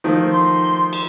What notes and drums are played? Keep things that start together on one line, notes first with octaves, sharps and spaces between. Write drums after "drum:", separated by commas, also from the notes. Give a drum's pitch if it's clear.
D#3 F3 A3
C6
drum: cymbal